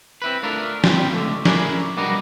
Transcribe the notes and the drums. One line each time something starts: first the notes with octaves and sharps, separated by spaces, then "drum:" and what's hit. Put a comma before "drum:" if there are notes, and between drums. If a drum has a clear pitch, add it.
C4 E4 B4
A3 D4 F4 A#4
G3 C4 F4 G5, drum: snare
C#2 D3 E3 A3
C#4 D4 E4 G#4 A#4, drum: snare
B1 G3 D4 D#4 F#4 A#4